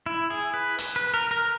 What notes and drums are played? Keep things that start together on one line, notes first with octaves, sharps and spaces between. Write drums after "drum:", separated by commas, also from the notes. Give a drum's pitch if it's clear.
E4
G#4
B4
drum: open hi-hat
B4
A#4
A#4